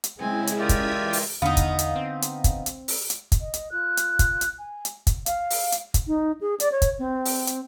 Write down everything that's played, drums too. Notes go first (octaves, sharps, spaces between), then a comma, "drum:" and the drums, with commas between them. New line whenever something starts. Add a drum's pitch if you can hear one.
drum: hi-hat
C#3 G#3 C4 E4 G#5
drum: hi-hat
F4 G4 A#4 D5 E5 D#6 G#6 B6
drum: kick, hi-hat
E3 G5 C6
drum: open hi-hat
E2 D3 B3 D#4 F5
drum: kick, hi-hat
drum: hi-hat
C4
drum: hi-hat
drum: kick, hi-hat
drum: hi-hat
drum: open hi-hat
drum: hi-hat
drum: kick, hi-hat
D#5
drum: hi-hat
F4 F#6
drum: hi-hat
drum: kick, hi-hat
drum: hi-hat
G#5
drum: hi-hat
drum: kick, hi-hat
F5, drum: hi-hat
drum: open hi-hat
drum: hi-hat
drum: kick, hi-hat
D#4
G#4
D5, drum: hi-hat
C#5
drum: kick, hi-hat
C4
drum: open hi-hat
drum: hi-hat